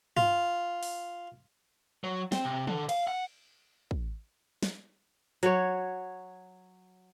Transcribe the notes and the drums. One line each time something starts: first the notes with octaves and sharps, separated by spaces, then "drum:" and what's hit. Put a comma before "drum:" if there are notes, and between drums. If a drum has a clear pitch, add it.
F4, drum: tom G2
drum: open hi-hat
F#3
C4, drum: snare
C3
D3, drum: tom D#3
F5, drum: cymbal
F#5
drum: kick
drum: snare
F#3 C#5, drum: hi-hat